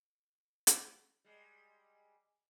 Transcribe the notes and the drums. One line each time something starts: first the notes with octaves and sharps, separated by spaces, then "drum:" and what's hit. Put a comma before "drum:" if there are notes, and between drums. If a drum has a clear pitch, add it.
drum: hi-hat
G3 G#3